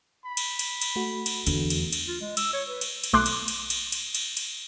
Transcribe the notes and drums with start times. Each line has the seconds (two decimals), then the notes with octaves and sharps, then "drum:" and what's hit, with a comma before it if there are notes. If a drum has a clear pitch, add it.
0.25 B5
0.37 drum: cymbal
0.59 drum: cymbal
0.82 drum: cymbal
0.96 A3 F#4
1.26 drum: cymbal
1.47 E2 D3, drum: cymbal
1.70 drum: cymbal
1.93 drum: cymbal
2.07 F4
2.20 G#3
2.37 E6, drum: cymbal
2.53 C#5
2.69 B4
2.81 drum: cymbal
3.04 drum: cymbal
3.13 B1 A3 C6 D6 F#6
3.26 drum: cymbal
3.48 drum: cymbal
3.70 drum: cymbal
3.92 drum: cymbal
4.15 drum: cymbal
4.37 drum: cymbal